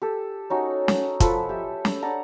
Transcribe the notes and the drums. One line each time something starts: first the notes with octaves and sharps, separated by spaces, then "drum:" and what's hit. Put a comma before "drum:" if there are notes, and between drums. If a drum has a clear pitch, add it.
G4 A4
C#4 D#4 F#4
drum: snare
F3 A4 B4, drum: kick, hi-hat
G4 E5
drum: snare
D4 D5 F#5 A#5